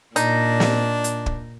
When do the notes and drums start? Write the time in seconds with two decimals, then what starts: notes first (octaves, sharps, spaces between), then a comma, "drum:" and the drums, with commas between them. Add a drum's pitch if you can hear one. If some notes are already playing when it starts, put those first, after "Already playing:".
0.16 A#2 D4 D#4, drum: hi-hat
0.60 drum: snare
1.04 drum: hi-hat
1.26 drum: kick